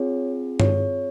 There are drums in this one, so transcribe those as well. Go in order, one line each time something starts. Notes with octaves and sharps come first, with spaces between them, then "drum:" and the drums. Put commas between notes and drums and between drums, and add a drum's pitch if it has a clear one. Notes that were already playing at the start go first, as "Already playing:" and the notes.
Already playing: C4 F4 G#4 C#5
C#5, drum: tom G2